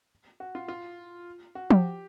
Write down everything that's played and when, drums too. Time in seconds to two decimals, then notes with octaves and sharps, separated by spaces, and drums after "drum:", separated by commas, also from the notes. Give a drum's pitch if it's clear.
0.40 F#4
0.55 F4
0.68 F4
1.55 F#4
1.70 G4, drum: tom F3